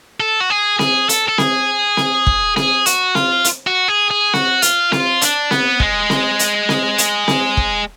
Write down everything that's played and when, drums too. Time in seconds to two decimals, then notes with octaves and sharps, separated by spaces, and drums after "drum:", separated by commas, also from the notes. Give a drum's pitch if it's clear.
0.20 A4
0.40 F#4
0.50 G#4
0.79 G#4, drum: snare C4
1.09 A4, drum: hi-hat
1.28 A4
1.38 G#4, drum: snare C4
1.97 drum: snare C4
2.27 drum: kick
2.56 G#4, drum: snare C4
2.86 F#4, drum: hi-hat
3.15 F4, drum: snare C4
3.44 drum: hi-hat
3.67 F#4
3.88 G#4
4.11 G#4
4.33 F#4, drum: snare C4
4.62 F4, drum: hi-hat
4.92 F4, drum: snare C4
5.21 D4, drum: hi-hat
5.51 B3, drum: snare C4
5.80 G#3, drum: kick
6.10 drum: snare C4
6.39 drum: hi-hat
6.69 drum: snare C4
6.98 drum: hi-hat
7.28 drum: snare C4
7.57 drum: kick